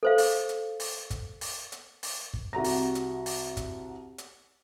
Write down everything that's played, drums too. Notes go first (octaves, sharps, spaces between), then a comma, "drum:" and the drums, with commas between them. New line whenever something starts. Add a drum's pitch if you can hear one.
A4 C5 F5
drum: open hi-hat
drum: hi-hat
drum: open hi-hat
drum: kick, hi-hat
drum: open hi-hat
drum: hi-hat
drum: open hi-hat
drum: kick
C2 F#4 A#5 A#6
drum: open hi-hat
drum: hi-hat
drum: open hi-hat
drum: kick, hi-hat
drum: hi-hat